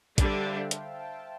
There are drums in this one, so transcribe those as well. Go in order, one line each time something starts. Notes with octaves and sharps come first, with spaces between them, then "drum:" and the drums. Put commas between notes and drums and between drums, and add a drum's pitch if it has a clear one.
D3 G3 D4 C5, drum: kick, hi-hat
E5
G5
F5
G5
A5, drum: hi-hat
G5
A5